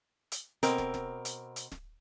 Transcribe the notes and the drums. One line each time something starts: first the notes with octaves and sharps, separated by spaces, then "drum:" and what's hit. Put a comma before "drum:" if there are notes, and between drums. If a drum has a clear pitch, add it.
drum: hi-hat
B2 C4 A#4, drum: hi-hat
drum: snare
drum: snare
drum: hi-hat
drum: hi-hat
drum: snare